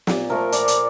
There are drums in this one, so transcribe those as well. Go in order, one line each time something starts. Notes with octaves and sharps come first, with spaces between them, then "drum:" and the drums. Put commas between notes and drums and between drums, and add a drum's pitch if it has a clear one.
A#2, drum: snare
F3 A3 A#4
A#2 D5, drum: hi-hat
drum: hi-hat